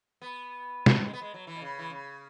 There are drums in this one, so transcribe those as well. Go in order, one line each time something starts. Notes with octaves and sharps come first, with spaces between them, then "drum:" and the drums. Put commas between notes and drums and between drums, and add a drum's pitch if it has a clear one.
B3
drum: snare
G#3
B3
G#3
F#3
E3
B2
C#3
E3
C#3